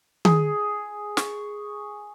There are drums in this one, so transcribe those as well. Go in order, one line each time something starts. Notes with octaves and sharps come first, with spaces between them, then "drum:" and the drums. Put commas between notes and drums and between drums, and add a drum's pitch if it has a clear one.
G#4, drum: tom D#3
C#6, drum: snare